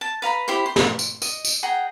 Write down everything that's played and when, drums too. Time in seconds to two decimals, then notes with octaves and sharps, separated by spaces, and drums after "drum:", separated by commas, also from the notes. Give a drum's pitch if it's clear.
0.01 A5
0.22 B4 F5 A#5 B5
0.48 E4 G4 C5 C6
0.66 C6
0.76 drum: snare
0.99 drum: tambourine
1.22 D#5, drum: tambourine
1.45 drum: tambourine
1.63 G#4 F#5 G5 A#5